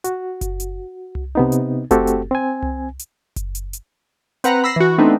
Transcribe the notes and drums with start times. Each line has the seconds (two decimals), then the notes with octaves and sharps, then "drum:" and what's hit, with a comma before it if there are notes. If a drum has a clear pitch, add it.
0.04 F#4, drum: hi-hat
0.41 drum: kick F#1, hi-hat
0.60 drum: hi-hat
1.15 drum: tom C2
1.35 C3 B3 D#4
1.52 drum: hi-hat
1.91 A3 C4 F#4 G4 A4, drum: kick F#1, hi-hat
2.07 drum: hi-hat
2.31 C4 G#5
2.63 drum: tom C2
2.99 drum: hi-hat
3.36 drum: kick F#1, hi-hat
3.55 drum: hi-hat
3.73 drum: hi-hat
4.44 C4 B4 F#5 A#5, drum: hi-hat
4.64 B5 E6 A#6 C7
4.76 E3 F#4
4.98 A3 B3 C4 D4 D#4 B4